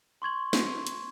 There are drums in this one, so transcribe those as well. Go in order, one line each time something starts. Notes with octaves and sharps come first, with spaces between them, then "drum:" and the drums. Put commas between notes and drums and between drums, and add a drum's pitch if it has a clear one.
C6 C#6 G#6 F#7
drum: snare
drum: hi-hat